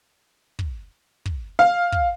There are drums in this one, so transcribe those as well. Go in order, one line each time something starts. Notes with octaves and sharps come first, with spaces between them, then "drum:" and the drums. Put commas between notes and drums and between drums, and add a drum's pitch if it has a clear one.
drum: kick
drum: kick
F5
drum: kick